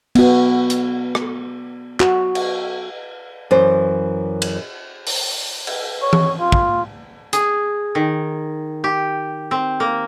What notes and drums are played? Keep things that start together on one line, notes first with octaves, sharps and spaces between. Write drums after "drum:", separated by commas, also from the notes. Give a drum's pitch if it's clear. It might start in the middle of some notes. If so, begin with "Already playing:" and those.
B3 F#4, drum: cymbal
drum: hi-hat
drum: rim click
F#4, drum: clap
drum: cymbal
F#2 E3 C5
drum: cymbal
drum: open hi-hat
drum: cymbal
C#5
drum: tom E3
F4
drum: kick
G#4, drum: hi-hat
D#3
G4
C4
A#3